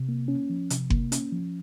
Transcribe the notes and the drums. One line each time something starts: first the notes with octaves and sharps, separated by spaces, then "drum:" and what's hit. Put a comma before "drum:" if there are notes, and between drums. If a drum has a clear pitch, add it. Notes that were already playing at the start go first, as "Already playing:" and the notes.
Already playing: C3
A#3
C#4
F3
C3, drum: hi-hat
A#3, drum: kick F#1
C#4, drum: hi-hat
F3